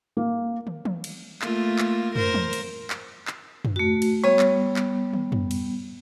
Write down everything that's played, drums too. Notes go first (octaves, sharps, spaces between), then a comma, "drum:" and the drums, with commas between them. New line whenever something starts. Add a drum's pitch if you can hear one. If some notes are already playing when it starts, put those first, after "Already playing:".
A#3
drum: tom
drum: tom
drum: cymbal
A3 A#3 F4, drum: clap
drum: clap
A#4 C5, drum: tom
drum: tom
drum: cymbal
drum: clap
drum: clap
drum: tom
A3 F#4
drum: cymbal
G3 B3 C#5
drum: clap
drum: clap
drum: tom
drum: tom
drum: cymbal